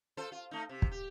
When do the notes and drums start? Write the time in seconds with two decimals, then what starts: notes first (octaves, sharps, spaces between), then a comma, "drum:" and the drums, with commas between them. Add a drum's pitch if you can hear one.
0.17 F4 A4 C5
0.32 F4
0.51 A3 D#4
0.69 C3
0.82 drum: kick
0.91 G4